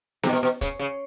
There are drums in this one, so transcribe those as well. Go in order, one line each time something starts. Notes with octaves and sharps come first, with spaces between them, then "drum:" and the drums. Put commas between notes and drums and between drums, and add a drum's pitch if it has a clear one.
C3, drum: snare B3
A#2
B2
B2
C#3, drum: kick, hi-hat
C#3